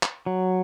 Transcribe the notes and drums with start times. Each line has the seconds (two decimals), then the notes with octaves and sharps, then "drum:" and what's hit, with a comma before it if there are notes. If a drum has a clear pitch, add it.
0.03 drum: clap
0.26 F#3